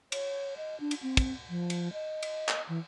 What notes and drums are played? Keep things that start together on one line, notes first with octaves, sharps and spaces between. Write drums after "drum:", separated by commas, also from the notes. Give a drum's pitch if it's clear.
C#5, drum: cymbal
D#5
D4
drum: cymbal
C4
drum: kick, cymbal
F3
drum: cymbal
D#5
drum: cymbal
drum: clap
E3